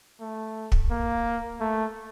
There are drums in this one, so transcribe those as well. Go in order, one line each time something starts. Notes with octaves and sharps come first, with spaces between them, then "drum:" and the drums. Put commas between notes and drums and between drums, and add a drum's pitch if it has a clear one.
A3
drum: kick
A#3
A3